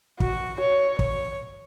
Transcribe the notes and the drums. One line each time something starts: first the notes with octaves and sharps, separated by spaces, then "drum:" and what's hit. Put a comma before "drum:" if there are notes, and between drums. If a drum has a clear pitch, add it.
F#4, drum: kick
C#5
C#5, drum: kick